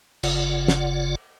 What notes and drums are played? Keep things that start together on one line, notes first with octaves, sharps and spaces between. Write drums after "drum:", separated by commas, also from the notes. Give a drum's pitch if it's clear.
F#1 C#3 F4 D5 F#5, drum: cymbal
drum: snare